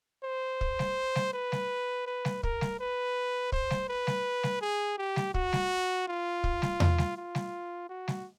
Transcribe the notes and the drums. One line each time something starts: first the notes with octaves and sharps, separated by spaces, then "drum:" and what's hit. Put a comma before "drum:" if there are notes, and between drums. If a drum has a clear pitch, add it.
C5
drum: kick
drum: snare G3
drum: snare G3
B4
drum: snare G3
B4
drum: snare G3
A#4, drum: kick
drum: snare G3
B4
C5, drum: kick
drum: snare G3
B4
drum: snare G3
drum: snare G3
G#4
G4
drum: snare G3
F#4, drum: kick
drum: snare G3
F4
drum: kick
drum: snare G3
drum: tom E2
drum: snare G3
F4
drum: snare G3
F#4
drum: snare G3